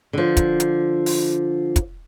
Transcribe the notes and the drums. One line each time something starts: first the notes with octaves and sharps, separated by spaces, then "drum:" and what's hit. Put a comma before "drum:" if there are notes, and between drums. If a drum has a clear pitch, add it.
D3 F3
drum: kick, hi-hat
drum: hi-hat
drum: open hi-hat
drum: kick, hi-hat